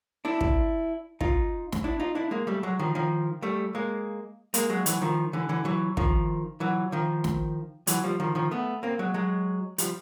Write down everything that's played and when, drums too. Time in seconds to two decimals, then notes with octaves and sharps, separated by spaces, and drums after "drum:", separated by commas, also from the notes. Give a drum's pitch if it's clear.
0.25 D4 E4
0.41 drum: kick
1.21 D#4 F4, drum: kick
1.72 drum: snare
1.84 D4 E4
2.00 D#4 F4
2.15 D4 E4
2.31 G#3 A#3
2.47 G3 A3
2.63 F#3 G#3
2.79 D#3 F3
2.95 D#3 F3
3.42 G3 A3
3.75 G#3 A#3
4.54 G#3 A#3, drum: hi-hat
4.70 F#3 G#3
4.86 E3 F#3, drum: hi-hat
5.02 D#3 F3
5.33 D3 E3
5.49 D3 E3
5.65 E3 F#3
5.97 D#3 F3, drum: kick
6.60 E3 F#3
6.92 D#3 F3
7.24 drum: snare
7.87 E3 F#3, drum: hi-hat
8.04 F3 G3
8.20 D#3 F3
8.35 D#3 F3
8.51 A3 B3
8.83 A#3 C4
8.99 F#3 G#3
9.14 F#3 G#3
9.78 F3 G3, drum: hi-hat